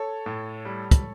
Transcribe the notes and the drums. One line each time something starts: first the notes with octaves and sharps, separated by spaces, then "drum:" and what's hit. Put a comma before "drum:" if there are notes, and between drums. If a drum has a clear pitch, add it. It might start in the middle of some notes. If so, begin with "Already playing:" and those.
Already playing: A4 C#5
A2
G3
drum: kick, hi-hat